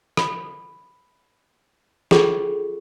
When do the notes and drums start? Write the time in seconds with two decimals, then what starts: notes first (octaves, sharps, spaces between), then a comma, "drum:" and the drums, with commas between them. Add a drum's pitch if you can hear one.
0.17 B5, drum: rim click
2.11 C#4 F4 G#4 A4 C#5 C#6, drum: snare